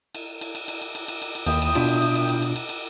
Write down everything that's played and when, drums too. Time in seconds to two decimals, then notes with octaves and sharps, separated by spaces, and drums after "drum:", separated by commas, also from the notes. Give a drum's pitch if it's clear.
0.15 drum: cymbal
0.41 drum: cymbal
0.55 drum: cymbal
0.68 drum: cymbal
0.82 drum: cymbal
0.95 drum: cymbal
1.08 drum: cymbal
1.22 drum: cymbal
1.35 drum: cymbal
1.47 D#2 E4 G5 D#6, drum: cymbal
1.62 drum: cymbal
1.75 B2 D4 F4, drum: cymbal
1.89 drum: cymbal
2.02 drum: cymbal
2.16 drum: cymbal
2.29 drum: cymbal
2.42 drum: cymbal
2.56 drum: cymbal
2.69 drum: cymbal